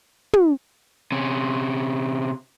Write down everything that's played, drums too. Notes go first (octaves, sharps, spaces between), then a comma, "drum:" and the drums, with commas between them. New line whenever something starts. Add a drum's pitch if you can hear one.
drum: tom
C3 C#4